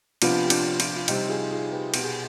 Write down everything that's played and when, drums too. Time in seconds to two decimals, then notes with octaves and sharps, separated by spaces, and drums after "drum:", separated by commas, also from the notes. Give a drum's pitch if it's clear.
0.22 C3 F3 B3 D4 F4, drum: cymbal
0.44 G4
0.50 D4 F4, drum: cymbal
0.80 D4 F4, drum: cymbal
0.96 F4
1.08 C3 G3 C4 D#4 G4, drum: cymbal
1.29 F4 G#4
1.51 F4 G#4
1.72 G4 B4
1.94 B2 B3 G4, drum: cymbal
2.04 G#4